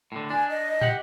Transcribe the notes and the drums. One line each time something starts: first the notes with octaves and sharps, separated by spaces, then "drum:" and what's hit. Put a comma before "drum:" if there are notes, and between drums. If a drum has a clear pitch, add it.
A2 D3
D4 G#5
D#5
G4 F#5, drum: tom